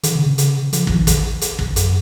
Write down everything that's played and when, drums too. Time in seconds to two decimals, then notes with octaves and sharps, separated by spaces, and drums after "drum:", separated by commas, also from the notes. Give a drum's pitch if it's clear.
0.03 D#3, drum: hi-hat
0.15 C#3
0.26 C#3
0.38 drum: hi-hat
0.73 F3, drum: hi-hat
0.87 F3, drum: kick
0.95 D#3
1.07 drum: kick, hi-hat
1.41 drum: hi-hat
1.59 drum: kick
1.76 F#2, drum: hi-hat